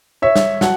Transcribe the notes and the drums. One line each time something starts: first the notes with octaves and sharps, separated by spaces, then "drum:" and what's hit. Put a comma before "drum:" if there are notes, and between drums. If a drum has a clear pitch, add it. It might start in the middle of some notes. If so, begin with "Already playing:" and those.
C#5 E5
drum: snare
F#3 F#5 A5, drum: snare